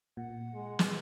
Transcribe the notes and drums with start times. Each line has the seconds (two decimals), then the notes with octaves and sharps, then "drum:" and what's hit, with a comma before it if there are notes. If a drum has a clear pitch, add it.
0.17 A#2 F#5
0.54 G#3
0.79 drum: snare